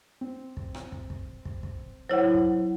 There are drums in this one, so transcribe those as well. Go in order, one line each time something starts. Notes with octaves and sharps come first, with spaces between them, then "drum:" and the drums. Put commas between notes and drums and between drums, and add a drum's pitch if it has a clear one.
C4
drum: kick
drum: rim click
drum: kick
drum: kick
drum: kick
drum: kick
F#3 E4 C5 C#5 F#5
drum: kick